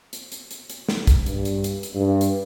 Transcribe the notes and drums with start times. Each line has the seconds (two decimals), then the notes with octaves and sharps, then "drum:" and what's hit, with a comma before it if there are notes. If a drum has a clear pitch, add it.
0.13 drum: hi-hat
0.32 drum: hi-hat
0.51 drum: hi-hat
0.70 drum: hi-hat
0.89 drum: snare
1.07 drum: kick, hi-hat
1.26 G2, drum: hi-hat
1.45 drum: hi-hat
1.64 drum: hi-hat
1.83 drum: hi-hat
1.95 G2
2.21 drum: hi-hat